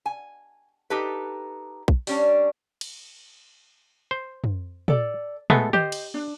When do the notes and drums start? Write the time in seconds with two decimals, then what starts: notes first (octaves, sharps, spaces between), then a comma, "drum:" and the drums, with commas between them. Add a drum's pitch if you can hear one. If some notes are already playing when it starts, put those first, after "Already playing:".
0.06 G#5
0.90 D#4 G4 A4 B4
1.88 drum: kick
2.07 G3 C#4 D4, drum: open hi-hat
2.81 drum: cymbal
4.11 C5
4.44 drum: tom
4.88 A4 D5, drum: tom
5.50 G#3 A3 B3 A4, drum: tom
5.73 G4 C5 D#5, drum: tom
5.92 drum: cymbal
6.14 D4